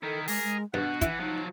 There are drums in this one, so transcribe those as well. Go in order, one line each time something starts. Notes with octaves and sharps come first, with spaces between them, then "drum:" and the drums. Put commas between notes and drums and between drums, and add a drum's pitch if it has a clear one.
D#3 D#4 E4 A4
G#3 G#4 A#4, drum: open hi-hat
G#3
G2 B2 D4 F#4 F#5
E3 E4, drum: kick, hi-hat
F3 F#3 D#4